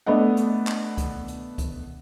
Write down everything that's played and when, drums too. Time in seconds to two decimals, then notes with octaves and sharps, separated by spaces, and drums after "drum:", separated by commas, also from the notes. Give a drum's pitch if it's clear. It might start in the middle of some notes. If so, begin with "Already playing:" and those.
0.06 A3 B3 D4 D#5 F#5
0.37 drum: hi-hat
0.67 drum: clap
0.98 drum: kick C#2, hi-hat
1.28 drum: hi-hat
1.58 drum: kick C#2, hi-hat